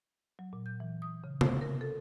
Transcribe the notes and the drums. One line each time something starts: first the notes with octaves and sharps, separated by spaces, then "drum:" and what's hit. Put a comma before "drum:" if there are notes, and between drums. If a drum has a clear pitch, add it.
F#3
A#2
G6
E3
D#6
C#3
C5, drum: tom C3
A#4
A4